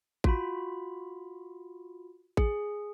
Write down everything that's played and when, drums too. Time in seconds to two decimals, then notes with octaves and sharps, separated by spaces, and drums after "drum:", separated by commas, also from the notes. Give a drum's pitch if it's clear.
0.24 F4 F#4 B5, drum: kick A1
2.37 G#4, drum: kick A1